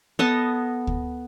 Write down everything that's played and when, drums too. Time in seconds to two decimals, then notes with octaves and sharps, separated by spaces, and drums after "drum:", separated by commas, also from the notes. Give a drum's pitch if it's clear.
0.19 B3 A4 D#5 A5
0.87 drum: kick D2